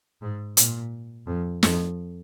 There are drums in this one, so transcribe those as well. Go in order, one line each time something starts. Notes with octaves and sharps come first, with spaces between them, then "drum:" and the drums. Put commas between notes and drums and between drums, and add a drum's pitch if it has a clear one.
G#2
A#2, drum: hi-hat
F2
F2, drum: snare